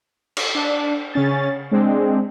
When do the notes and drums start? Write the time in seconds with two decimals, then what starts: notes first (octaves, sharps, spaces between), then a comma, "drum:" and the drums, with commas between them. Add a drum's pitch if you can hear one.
0.37 drum: cymbal
0.55 D4
1.13 C#3 C#4 A6
1.71 G#3 C4 D4